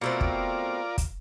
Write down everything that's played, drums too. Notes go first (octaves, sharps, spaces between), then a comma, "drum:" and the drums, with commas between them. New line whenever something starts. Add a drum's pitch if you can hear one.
B2 A3 C4 F4 A#4 D5
drum: kick
drum: kick, hi-hat